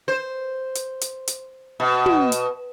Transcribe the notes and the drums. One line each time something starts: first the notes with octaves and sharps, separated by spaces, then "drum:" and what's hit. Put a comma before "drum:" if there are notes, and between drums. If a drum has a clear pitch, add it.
C5
drum: hi-hat
drum: hi-hat
drum: hi-hat
B2
drum: tom
drum: hi-hat